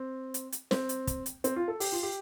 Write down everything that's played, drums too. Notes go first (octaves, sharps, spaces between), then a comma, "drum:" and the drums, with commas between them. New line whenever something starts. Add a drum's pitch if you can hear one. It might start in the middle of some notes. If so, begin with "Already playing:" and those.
Already playing: C4
drum: hi-hat
drum: hi-hat
C4, drum: snare
drum: hi-hat
drum: kick, hi-hat
drum: hi-hat
C4, drum: hi-hat
F4
A4
G4, drum: open hi-hat
F4
G4